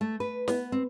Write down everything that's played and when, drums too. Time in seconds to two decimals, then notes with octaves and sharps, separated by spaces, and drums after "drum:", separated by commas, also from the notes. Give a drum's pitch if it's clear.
0.01 A3
0.20 B4
0.48 B3, drum: snare
0.72 C4